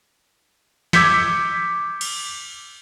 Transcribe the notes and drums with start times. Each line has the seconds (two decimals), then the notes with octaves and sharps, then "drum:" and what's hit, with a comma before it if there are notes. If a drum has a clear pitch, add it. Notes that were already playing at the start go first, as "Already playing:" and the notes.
0.93 D6 E6 G6 G#6 B6 C#7, drum: snare
2.01 drum: cymbal